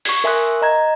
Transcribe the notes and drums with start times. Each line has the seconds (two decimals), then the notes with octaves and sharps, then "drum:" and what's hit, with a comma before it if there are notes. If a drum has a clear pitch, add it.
0.05 C#6 G#6, drum: open hi-hat
0.24 A#4 E5 G#5 C6 D#6 F#6
0.62 D#5 A#5 G#6